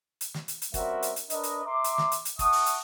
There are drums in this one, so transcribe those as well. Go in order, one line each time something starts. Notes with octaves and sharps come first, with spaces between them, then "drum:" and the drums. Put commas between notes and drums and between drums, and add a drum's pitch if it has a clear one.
drum: hi-hat
drum: snare
drum: hi-hat
drum: hi-hat
G3 C4 C#4 F#4 A#4 E5, drum: kick, hi-hat
drum: hi-hat
drum: hi-hat
D4 A#4 B4 D#5, drum: hi-hat
drum: hi-hat
E5 A#5 C6 D6
drum: hi-hat
drum: snare
drum: hi-hat
drum: hi-hat
E5 F#5 A5 C#6 D#6, drum: kick, hi-hat
drum: open hi-hat
drum: hi-hat